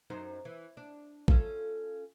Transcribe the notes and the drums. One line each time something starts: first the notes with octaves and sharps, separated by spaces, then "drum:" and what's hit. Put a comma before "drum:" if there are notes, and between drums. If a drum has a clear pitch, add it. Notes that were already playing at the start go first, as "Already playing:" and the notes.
F#2 D#4 C5
E3
D4
C#4 F4 A4, drum: kick A1